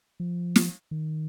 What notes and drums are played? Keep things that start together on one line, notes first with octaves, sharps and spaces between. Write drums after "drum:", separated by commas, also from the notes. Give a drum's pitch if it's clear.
F3
drum: snare
D#3